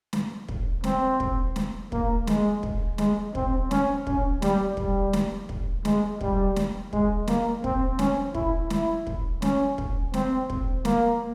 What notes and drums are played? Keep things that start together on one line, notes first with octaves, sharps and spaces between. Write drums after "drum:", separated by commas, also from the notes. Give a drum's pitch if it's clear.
drum: snare
drum: kick
C4, drum: snare
drum: kick
drum: snare
A#3, drum: kick
G#3, drum: snare
drum: kick
G#3, drum: snare
C4, drum: kick
C#4, drum: snare
C#4, drum: kick
G3, drum: snare
G3, drum: kick
drum: snare
drum: kick
G#3, drum: snare
G3, drum: kick
drum: snare
G#3, drum: kick
A#3, drum: snare
C4, drum: kick
C#4, drum: snare
E4, drum: kick
E4, drum: snare
drum: kick
C#4, drum: snare
drum: kick
C4, drum: snare
drum: kick
A#3, drum: snare